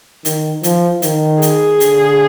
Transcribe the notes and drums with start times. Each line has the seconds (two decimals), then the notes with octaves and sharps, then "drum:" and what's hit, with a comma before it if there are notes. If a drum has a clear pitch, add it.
0.25 D#3, drum: hi-hat
0.63 F3, drum: hi-hat
1.02 D#3, drum: hi-hat
1.42 G#4, drum: hi-hat
1.80 D3, drum: hi-hat